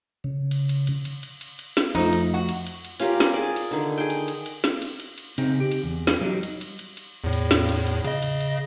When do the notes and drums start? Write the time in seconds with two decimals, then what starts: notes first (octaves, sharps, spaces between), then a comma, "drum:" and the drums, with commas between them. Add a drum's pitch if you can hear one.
0.24 C#3
0.51 drum: cymbal
0.69 drum: cymbal
0.87 drum: cymbal
1.05 drum: cymbal
1.23 drum: cymbal
1.41 drum: cymbal
1.59 drum: cymbal
1.77 drum: snare
1.95 F2 F3 A3 D#4, drum: cymbal
2.13 drum: cymbal
2.34 F#4
2.49 drum: cymbal
2.67 drum: cymbal
2.84 drum: cymbal
3.00 C#4 F4 G4 A#4, drum: cymbal
3.20 drum: snare
3.34 G#4 D5
3.56 drum: cymbal
3.71 D3 D#3
3.98 G#4 G5
4.10 drum: cymbal
4.28 drum: cymbal
4.46 drum: cymbal
4.64 drum: snare
4.82 drum: cymbal
5.00 drum: cymbal
5.18 drum: cymbal
5.38 C#3 C4 D#4, drum: cymbal
5.60 G4
5.71 drum: cymbal
5.83 E2
6.07 drum: snare
6.21 F#3 G3 D#4
6.43 drum: cymbal
6.61 drum: cymbal
6.79 drum: cymbal
6.97 drum: cymbal
7.24 E2 A2
7.33 drum: cymbal
7.51 drum: snare
7.69 drum: cymbal
7.87 drum: cymbal
8.05 C#3 D#5, drum: cymbal
8.23 drum: cymbal
8.40 drum: cymbal